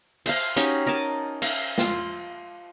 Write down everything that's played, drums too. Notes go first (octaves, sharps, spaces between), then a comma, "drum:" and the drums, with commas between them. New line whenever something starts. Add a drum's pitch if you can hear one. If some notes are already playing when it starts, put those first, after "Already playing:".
C5 E5 F5, drum: cymbal
C#4 D#4 F#4 G4, drum: hi-hat
A#4 D#5 G#5 A5
E5 F5, drum: cymbal
F4, drum: snare